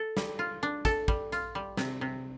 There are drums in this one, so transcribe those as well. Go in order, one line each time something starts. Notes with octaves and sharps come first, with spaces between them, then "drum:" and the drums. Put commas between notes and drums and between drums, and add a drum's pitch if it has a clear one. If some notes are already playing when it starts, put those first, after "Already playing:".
Already playing: A4
G3, drum: snare
F4
D4
A4, drum: kick, hi-hat
G3, drum: kick
F4, drum: hi-hat
G3
C3, drum: snare
C3